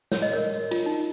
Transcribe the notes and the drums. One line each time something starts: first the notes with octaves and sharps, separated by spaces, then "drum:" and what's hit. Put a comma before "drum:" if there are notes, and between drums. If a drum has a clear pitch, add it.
C#5, drum: snare
D#5
A#4 C#5
F4, drum: cymbal
D#4